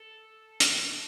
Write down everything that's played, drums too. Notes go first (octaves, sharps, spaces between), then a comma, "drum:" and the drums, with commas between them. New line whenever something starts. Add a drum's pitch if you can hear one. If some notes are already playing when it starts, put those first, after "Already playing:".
Already playing: A4
E2 C3 D#3, drum: hi-hat